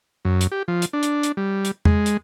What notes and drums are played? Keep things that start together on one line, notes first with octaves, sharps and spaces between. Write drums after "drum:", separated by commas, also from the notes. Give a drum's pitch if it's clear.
F#2
drum: hi-hat
G4
F3
drum: hi-hat
D4
drum: hi-hat
drum: hi-hat
G3
drum: hi-hat
G#3, drum: tom E2
drum: hi-hat